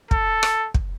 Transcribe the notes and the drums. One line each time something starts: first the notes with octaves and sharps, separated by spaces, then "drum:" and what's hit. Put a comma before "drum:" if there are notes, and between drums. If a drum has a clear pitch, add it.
A4, drum: kick
drum: rim click
drum: kick